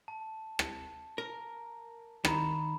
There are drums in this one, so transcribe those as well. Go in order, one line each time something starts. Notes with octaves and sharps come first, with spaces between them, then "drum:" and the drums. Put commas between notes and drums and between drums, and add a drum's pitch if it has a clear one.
A5
drum: rim click
A#4
D#3 A#5 B5, drum: rim click